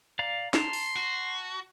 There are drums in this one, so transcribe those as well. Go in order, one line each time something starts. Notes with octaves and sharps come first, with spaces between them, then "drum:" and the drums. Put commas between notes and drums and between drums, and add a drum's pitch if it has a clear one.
D5 F5 A#5
A5 A#5 C6, drum: snare
drum: open hi-hat
F#4